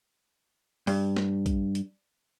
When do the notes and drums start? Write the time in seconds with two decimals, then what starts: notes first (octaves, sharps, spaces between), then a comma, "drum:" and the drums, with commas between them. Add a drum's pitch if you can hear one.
0.87 G2, drum: open hi-hat
1.17 drum: snare
1.46 drum: kick, hi-hat
1.75 drum: hi-hat